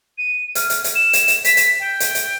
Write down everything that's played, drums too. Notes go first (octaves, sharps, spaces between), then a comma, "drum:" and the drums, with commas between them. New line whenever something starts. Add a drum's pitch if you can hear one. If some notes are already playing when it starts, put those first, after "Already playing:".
D#7
F6, drum: hi-hat
drum: hi-hat
drum: hi-hat
E7
drum: hi-hat
drum: hi-hat
B6, drum: hi-hat
drum: hi-hat
G5
drum: hi-hat
drum: hi-hat